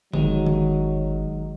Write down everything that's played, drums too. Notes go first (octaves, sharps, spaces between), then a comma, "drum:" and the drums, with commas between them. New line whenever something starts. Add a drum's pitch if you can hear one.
G1 D#3 F#3 G#3, drum: tom D3
drum: tom D#3